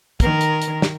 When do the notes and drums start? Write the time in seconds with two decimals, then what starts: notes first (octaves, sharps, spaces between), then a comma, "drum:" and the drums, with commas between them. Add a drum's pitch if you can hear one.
0.20 D#3 A#4, drum: kick, hi-hat
0.41 drum: hi-hat
0.62 drum: hi-hat
0.82 drum: snare